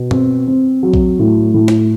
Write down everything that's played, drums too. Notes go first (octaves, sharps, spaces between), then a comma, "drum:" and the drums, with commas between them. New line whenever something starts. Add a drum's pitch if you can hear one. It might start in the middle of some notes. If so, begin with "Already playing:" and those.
Already playing: B2
C4, drum: tom
C4
F#3
drum: kick B1
A2
A2
drum: snare